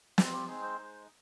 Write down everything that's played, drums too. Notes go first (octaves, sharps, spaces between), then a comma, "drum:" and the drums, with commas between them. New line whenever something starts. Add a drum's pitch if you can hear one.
G3 C4 F4 D#5, drum: snare
G4
G#3 C4 D#4 G#4
C5
G#3 D#4